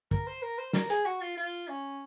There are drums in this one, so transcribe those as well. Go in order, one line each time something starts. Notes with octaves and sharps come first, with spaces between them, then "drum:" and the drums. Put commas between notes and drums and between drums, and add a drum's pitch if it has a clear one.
A#4, drum: kick
C5
A#4
C5
A#4, drum: snare
G#4, drum: hi-hat
F#4
F4
F4
C#4